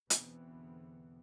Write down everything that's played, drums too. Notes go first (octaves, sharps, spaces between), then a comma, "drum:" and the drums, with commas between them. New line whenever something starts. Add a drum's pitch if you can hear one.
E2 B2 D3 E3 B3 C4, drum: hi-hat